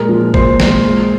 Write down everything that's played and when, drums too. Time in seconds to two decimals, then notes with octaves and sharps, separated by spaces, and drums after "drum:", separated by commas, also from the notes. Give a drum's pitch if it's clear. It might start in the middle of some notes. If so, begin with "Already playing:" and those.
Already playing: A#2 G#3 A#4
0.09 F3
0.34 A#2 C5, drum: kick
0.60 G#3, drum: snare
0.84 G#3